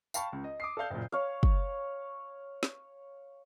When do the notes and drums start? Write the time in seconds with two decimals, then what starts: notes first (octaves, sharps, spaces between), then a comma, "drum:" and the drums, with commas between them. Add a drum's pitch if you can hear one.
0.14 F5 G5 A5 B5 C#6, drum: tambourine
0.33 C#2
0.44 D#5
0.60 D6 D#6 C7
0.77 A4 D5 F5 G6
0.90 F#1 A#2
1.12 C#5 F5
1.43 drum: kick
2.63 drum: snare